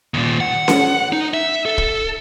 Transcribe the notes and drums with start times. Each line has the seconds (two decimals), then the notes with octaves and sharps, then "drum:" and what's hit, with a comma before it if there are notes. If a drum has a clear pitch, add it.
0.14 D#2 A#2
0.40 F#5
0.68 drum: snare C#4
1.12 D#4
1.34 E5
1.66 A4
1.78 drum: kick